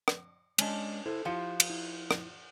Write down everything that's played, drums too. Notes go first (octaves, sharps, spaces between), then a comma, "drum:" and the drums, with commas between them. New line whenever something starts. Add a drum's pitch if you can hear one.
drum: rim click
G#3 C#4 D4 D#5, drum: cymbal
E4 A4 C5
F3 E4 G4 F5 C#7
drum: cymbal
E4
drum: rim click